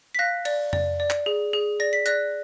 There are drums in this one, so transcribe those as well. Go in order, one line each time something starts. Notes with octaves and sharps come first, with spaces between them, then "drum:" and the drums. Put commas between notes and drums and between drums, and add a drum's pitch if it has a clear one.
B6
F5 F#6 A#6
D5, drum: cymbal
D5, drum: tom F2
D5
drum: clap
G#4
G#4
D5 A#6
B6
D5 F#6 A#6, drum: hi-hat